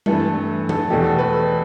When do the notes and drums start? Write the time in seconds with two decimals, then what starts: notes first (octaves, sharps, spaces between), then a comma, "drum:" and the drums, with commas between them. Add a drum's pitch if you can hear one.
0.06 G2 E3 A3 A4, drum: tom G3
0.69 A4, drum: tom E3
0.90 E2 B2 A3 G4
1.04 A4
1.18 B4
1.33 A4